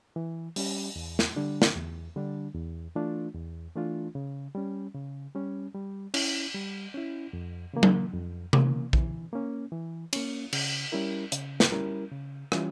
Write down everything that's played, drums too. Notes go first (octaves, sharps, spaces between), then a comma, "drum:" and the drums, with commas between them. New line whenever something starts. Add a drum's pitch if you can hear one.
E3
G3 C#4 G4, drum: open hi-hat
E2
drum: snare
D3 G3 D4
drum: snare
E2
D3 G3 D4
E2
E3 A3 D4 F4
E2
E3 A3 D4 F4
C#3
G3 C#4
C#3
G3 C#4
G3
C#4 E4, drum: cymbal
G3
C#4 E4
F2
C#3 E3 A#3
drum: tom F#3
F2
C#3 E3 A#3, drum: tom C3
E3, drum: kick A#1
A#3 C#4
E3
A#3 C#4, drum: cymbal
C#3, drum: cymbal
G3 C#4 E4 A#4
C#3, drum: hi-hat
drum: snare
G3 C#4 E4 A#4
C#3
E3 G3 C#4 F4, drum: rim click